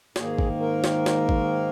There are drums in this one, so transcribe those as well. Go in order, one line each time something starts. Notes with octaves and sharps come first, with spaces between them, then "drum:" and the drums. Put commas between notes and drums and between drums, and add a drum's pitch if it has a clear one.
G#2 D#3 A#3 G#4, drum: snare
drum: kick
A#4
drum: snare
drum: snare
drum: kick